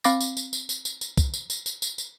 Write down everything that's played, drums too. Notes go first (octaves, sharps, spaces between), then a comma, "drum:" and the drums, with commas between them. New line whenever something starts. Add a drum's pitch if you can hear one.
C4 F5 B5 D6 A6 A#6, drum: tambourine
drum: tambourine
drum: tambourine
drum: tambourine
drum: tambourine
drum: tambourine
drum: tambourine
drum: kick, tambourine
drum: tambourine
drum: tambourine
drum: tambourine
drum: tambourine
drum: tambourine